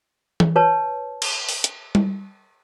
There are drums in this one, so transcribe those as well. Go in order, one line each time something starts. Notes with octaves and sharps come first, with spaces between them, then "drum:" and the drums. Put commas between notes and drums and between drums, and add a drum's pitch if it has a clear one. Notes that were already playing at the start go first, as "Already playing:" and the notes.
drum: tom E3
B4 C#5 A5
drum: cymbal
drum: open hi-hat
drum: hi-hat
drum: tom G3